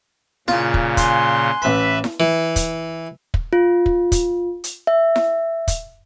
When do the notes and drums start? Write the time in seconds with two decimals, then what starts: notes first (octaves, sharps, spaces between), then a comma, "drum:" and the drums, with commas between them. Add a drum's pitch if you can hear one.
0.48 A#2 C#3 F4, drum: snare E4
0.74 drum: kick
0.97 G#5 C6 F#6, drum: kick, hi-hat
1.62 A1 B4 E5 B5
2.04 drum: snare E4
2.20 E3
2.56 drum: kick, hi-hat
3.34 drum: kick
3.53 F4
3.86 drum: kick
4.12 drum: kick, hi-hat
4.64 drum: hi-hat
4.87 E5
5.16 drum: snare E4
5.68 drum: kick, hi-hat